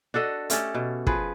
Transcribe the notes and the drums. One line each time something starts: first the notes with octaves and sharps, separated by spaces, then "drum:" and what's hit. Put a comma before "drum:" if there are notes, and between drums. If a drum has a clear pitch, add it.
D4 F#4 A4 D#5
A3 C#4 G4 A4, drum: hi-hat
B2
F3 G#4 B4, drum: kick